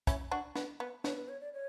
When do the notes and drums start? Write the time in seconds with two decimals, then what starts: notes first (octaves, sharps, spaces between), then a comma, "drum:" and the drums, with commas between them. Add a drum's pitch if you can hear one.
0.07 C#4 E4, drum: kick, hi-hat
0.31 D4 F#4
0.55 B3, drum: snare
0.80 B3
1.04 B3 C#5, drum: snare
1.17 B4
1.28 C#5
1.41 D5
1.53 C#5